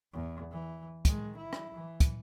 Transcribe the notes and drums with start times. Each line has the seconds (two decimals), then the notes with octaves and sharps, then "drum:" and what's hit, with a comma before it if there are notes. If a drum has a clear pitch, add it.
0.13 E2
0.51 E3
1.05 D#3 G#3, drum: kick, hi-hat
1.37 E4
1.53 drum: rim click
1.74 E3
2.00 drum: kick, hi-hat